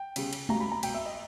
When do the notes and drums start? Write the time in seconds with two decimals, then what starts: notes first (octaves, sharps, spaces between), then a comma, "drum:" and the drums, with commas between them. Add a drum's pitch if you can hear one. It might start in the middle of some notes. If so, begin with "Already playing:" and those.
Already playing: G5
0.16 C#3 G3 B3, drum: cymbal
0.33 drum: cymbal
0.49 B2 G3 A#3 A#5, drum: tom G#3
0.60 B5
0.72 A#5
0.83 B2 A#3 G5, drum: cymbal
0.94 E5
1.06 D#5